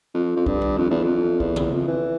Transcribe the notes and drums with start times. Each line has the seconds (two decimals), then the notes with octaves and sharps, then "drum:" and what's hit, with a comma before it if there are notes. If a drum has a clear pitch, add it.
0.14 F2
0.36 F2
0.46 G2, drum: kick
0.62 drum: tom D#3
0.77 F2
0.90 E2
1.03 F2
1.40 E2, drum: kick
1.56 drum: tom
1.72 F2
1.88 E3